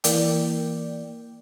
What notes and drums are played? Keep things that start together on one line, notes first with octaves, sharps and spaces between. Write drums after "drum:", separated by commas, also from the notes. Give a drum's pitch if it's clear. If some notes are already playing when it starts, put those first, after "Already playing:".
E3 A#3 D5 G5, drum: hi-hat